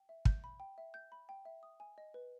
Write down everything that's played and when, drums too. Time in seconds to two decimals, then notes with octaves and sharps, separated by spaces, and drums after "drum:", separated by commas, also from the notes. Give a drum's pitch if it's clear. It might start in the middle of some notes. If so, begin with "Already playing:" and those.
Already playing: G5
0.09 E5
0.25 G6, drum: kick
0.44 B5
0.60 G5
0.78 E5
0.94 G6
1.12 B5
1.29 G5
1.45 E5
1.63 D#6
1.80 G#5
1.98 D#5
2.14 B4